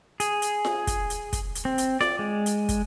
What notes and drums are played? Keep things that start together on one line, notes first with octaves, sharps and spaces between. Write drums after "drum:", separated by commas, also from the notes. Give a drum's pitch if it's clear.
G#4, drum: hi-hat
drum: hi-hat
drum: snare F4
drum: kick, hi-hat
drum: hi-hat
drum: kick, hi-hat
drum: hi-hat
C4
drum: hi-hat
D5, drum: snare F4
G#3
drum: hi-hat
drum: kick, hi-hat